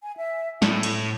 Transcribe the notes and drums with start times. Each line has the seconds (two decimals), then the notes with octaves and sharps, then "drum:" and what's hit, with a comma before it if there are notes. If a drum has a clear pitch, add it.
0.03 G#5
0.17 E5
0.62 A2 E4 A4, drum: snare
0.83 drum: cymbal